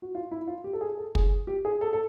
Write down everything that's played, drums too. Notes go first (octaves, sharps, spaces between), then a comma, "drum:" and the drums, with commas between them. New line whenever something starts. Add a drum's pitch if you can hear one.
F#4
F4
E4
F4
G4
A4
G#4
A4
G#4, drum: kick
G4
G#4
A4
A4